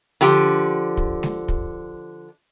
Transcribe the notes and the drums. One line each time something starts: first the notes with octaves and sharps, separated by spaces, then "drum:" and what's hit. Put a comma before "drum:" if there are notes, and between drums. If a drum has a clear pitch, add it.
D3 F3 G4
drum: kick
drum: snare G#3
drum: kick